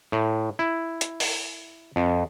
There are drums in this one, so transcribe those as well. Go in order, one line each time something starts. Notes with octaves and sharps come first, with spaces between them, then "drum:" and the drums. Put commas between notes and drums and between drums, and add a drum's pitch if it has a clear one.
A2
E4
drum: hi-hat
drum: open hi-hat
F2